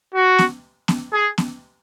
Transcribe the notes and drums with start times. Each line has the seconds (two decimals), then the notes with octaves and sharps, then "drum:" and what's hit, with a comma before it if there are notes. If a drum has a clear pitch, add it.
0.14 F#4
0.39 drum: snare B3
0.88 drum: snare B3
1.13 G#4
1.38 drum: snare B3